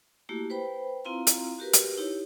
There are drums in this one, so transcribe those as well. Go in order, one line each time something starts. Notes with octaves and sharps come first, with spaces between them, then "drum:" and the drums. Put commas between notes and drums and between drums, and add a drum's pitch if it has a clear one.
A3 A#3 E4 F#4 G4
B4 C5 G5 B5
C4 E4 F4 F5 A#5 C6
drum: hi-hat
F#4 G4 A#4 B4
drum: hi-hat
D#4 E4 G4 C#5